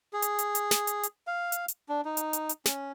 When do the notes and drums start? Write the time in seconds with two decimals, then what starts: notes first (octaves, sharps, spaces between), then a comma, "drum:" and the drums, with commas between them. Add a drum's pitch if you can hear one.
0.13 G#4
0.22 drum: hi-hat
0.39 drum: hi-hat
0.55 drum: hi-hat
0.71 drum: snare
0.87 drum: hi-hat
1.03 drum: hi-hat
1.27 F5
1.52 drum: hi-hat
1.68 drum: hi-hat
1.89 D4
2.05 D#4
2.17 drum: hi-hat
2.33 drum: hi-hat
2.49 drum: hi-hat
2.66 C#4, drum: snare